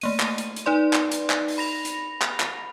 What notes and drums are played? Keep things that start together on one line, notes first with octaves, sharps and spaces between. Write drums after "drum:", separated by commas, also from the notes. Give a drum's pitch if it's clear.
A3 A#3 D#7, drum: open hi-hat
drum: clap
drum: hi-hat
drum: hi-hat
D#4 B4 D5 C6
drum: clap
drum: hi-hat
drum: clap
drum: open hi-hat
B5 A#6 F7
drum: hi-hat
drum: clap
drum: clap